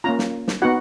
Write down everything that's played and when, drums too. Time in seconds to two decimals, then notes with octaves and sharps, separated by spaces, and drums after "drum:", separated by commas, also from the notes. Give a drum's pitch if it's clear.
0.04 A#3 C#4 F4 A#5
0.19 drum: snare
0.48 drum: snare
0.62 B3 D#4 F#4 F#5